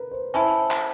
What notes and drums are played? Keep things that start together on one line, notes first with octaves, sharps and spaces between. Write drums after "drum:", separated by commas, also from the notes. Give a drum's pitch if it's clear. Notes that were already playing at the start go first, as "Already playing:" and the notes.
Already playing: A#4 B4
C5
C#4 E4 A4 C5
drum: clap